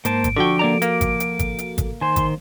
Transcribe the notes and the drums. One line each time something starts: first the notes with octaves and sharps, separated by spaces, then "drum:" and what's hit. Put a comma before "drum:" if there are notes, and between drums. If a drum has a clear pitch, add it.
G#2 A#3 C5 A5 D7, drum: hi-hat
drum: kick, hi-hat
D3 F3 F#4 A4 G5 C#6
A#3 D5 A#5
A#3 D6, drum: hi-hat
drum: kick, hi-hat
drum: hi-hat
drum: kick, hi-hat
drum: hi-hat
drum: kick, hi-hat
D#3 C5 G#5 C6
drum: kick, hi-hat